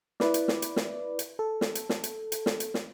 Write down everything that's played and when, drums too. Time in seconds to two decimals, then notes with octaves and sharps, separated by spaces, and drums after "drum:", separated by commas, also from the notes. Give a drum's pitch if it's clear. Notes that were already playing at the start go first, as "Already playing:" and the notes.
0.20 E4 B4 D5, drum: snare
0.34 drum: hi-hat
0.48 drum: snare
0.62 drum: hi-hat
0.76 drum: snare
1.19 drum: hi-hat
1.39 A4
1.61 drum: snare
1.75 drum: hi-hat
1.89 drum: snare
2.04 drum: hi-hat
2.32 drum: hi-hat
2.46 drum: snare
2.60 drum: hi-hat
2.74 drum: snare